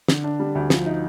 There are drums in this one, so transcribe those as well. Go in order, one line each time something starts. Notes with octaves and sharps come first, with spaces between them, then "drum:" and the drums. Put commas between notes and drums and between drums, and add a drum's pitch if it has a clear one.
D3, drum: snare
D4
G3
D2
F3, drum: snare
D#4